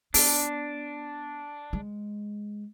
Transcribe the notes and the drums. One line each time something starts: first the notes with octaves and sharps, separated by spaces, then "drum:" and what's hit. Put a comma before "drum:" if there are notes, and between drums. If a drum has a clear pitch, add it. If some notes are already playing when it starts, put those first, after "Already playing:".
B3 D4, drum: open hi-hat
G#3